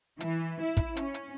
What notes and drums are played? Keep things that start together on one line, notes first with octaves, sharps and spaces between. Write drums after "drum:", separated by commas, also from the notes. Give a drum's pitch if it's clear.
E3, drum: hi-hat
E4
drum: kick, hi-hat
C#4, drum: hi-hat
drum: hi-hat